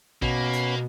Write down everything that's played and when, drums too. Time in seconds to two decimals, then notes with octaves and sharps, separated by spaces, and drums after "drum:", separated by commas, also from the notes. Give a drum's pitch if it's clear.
0.22 B2 A#3 B3 C#4 B5, drum: kick A#1
0.53 drum: hi-hat